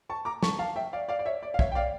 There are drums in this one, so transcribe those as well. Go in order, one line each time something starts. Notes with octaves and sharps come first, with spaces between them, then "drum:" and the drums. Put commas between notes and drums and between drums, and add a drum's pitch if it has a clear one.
A5 C#6
A#5 D6
A5 C#6, drum: snare
F5 A5
E5 G5
D5 F5
D5 F5
D5
C#5 E5
D5
F5
C#5 E5, drum: kick
G5
D5 F5